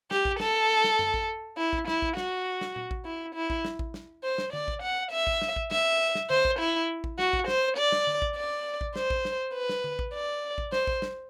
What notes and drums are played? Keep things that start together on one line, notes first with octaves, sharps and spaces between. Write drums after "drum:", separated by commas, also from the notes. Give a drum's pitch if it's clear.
G4, drum: snare
drum: kick A1
A4, drum: snare
drum: snare
drum: tom F#2
drum: kick A1
E4
drum: kick A1
E4, drum: snare
drum: kick A1
F#4, drum: snare
drum: snare
drum: tom A#2
drum: kick A1
E4
E4
drum: kick A1
drum: snare
drum: kick A1
drum: snare
C5
drum: snare
D5, drum: tom D3
drum: kick A1
F#5
E5
drum: kick A1
drum: snare
drum: kick A1
E5, drum: snare
drum: snare
C5, drum: tom D3
drum: kick A1
E4
drum: kick A1
F#4, drum: snare
drum: kick A1
C5, drum: snare
D5
drum: snare
drum: tom D3
drum: kick A1
D5
drum: kick A1
C5, drum: snare
drum: kick A1
drum: snare
B4
drum: snare
drum: tom D3
drum: kick A1
D5
drum: kick A1
C5, drum: snare
drum: kick A1
drum: snare